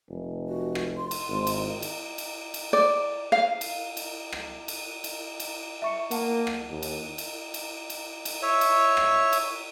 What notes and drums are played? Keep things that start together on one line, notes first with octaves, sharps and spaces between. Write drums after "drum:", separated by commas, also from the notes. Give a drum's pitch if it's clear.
F1
F#4
drum: rim click
C6
drum: cymbal
G#1
drum: cymbal
drum: cymbal
drum: cymbal
drum: cymbal
D5
F5
drum: cymbal
drum: cymbal
drum: rim click
drum: cymbal
drum: cymbal
drum: cymbal
E5 C#6 C#7
A#3 F#5 A5, drum: cymbal
drum: rim click
D#2
drum: cymbal
drum: cymbal
drum: cymbal
drum: cymbal
drum: cymbal
C#5 E5
drum: cymbal
drum: rim click
drum: cymbal